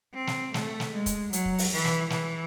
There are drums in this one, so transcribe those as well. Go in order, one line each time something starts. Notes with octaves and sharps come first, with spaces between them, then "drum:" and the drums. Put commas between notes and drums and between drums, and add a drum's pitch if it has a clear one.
C4
drum: snare
A3, drum: snare
drum: snare
G#3
drum: kick, hi-hat
F#3, drum: hi-hat
drum: kick
drum: open hi-hat
E3
drum: snare
E3, drum: snare